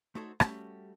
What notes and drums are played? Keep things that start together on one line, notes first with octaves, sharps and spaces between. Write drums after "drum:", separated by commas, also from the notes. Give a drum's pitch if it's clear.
A3 D#4 F#4 A4 C5 C#5
G3 A3 C#4 F#4 G4, drum: rim click